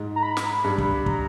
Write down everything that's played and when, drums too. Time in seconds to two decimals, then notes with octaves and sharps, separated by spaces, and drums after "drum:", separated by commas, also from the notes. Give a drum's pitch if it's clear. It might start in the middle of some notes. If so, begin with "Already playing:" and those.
Already playing: G#2
0.16 A#5
0.23 B5
0.37 drum: snare
0.64 G2
0.78 drum: kick
1.06 A#5, drum: kick